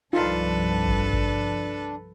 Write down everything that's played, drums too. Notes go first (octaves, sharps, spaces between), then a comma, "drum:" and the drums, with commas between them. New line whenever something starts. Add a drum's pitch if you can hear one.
C2 G2 F3 D4 D#4 F4 A4 B4
drum: kick G#1
drum: kick G#1